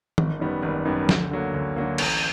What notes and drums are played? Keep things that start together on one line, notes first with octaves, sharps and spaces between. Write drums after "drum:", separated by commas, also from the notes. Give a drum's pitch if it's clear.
G#1, drum: tom D#3
F#2 D#3 G3 B3
G#1
F#2 D#3 G3 B3
D2, drum: snare F3
D3 F#3 A#3
D2
D3 F#3 A#3
A1, drum: cymbal